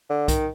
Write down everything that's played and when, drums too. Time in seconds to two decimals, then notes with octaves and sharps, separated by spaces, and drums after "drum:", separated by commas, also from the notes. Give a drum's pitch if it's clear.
0.10 D3
0.28 D#3, drum: kick B1, hi-hat